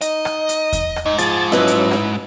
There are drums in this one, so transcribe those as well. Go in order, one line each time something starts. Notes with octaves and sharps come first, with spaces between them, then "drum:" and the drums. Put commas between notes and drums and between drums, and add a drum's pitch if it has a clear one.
D#4 D#5, drum: hi-hat
drum: rim click
drum: hi-hat
drum: kick E2, hi-hat
drum: rim click
G#2 D#4
F3 G#4 A6, drum: hi-hat
F#3 C#4 E4 B4 D#5 E5
drum: hi-hat
drum: rim click